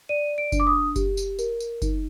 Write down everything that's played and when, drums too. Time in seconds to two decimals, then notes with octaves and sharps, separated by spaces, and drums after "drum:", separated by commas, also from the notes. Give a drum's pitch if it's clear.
0.09 D5 D#7
0.38 D7
0.52 D4, drum: kick F#1, tambourine
0.60 D6
0.67 D#6
0.96 G4, drum: kick F#1, tambourine
1.17 drum: tambourine
1.39 A#4, drum: tambourine
1.60 drum: tambourine
1.82 D#4, drum: kick F#1, tambourine